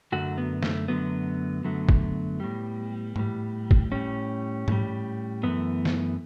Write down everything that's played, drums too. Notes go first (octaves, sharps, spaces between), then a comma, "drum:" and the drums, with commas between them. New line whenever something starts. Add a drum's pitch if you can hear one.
F#2 D3 F#3 A3 F#4
B3
A3, drum: snare
F#2 D3 F#3 A3 B3
F#2 D3 F#3 A3
drum: kick G1
A2 G3
A2 G3, drum: tom G#2
drum: kick G1
A2 G3 C#4
A2 G3, drum: tom G#2
F#2 E3 A3 B3
drum: snare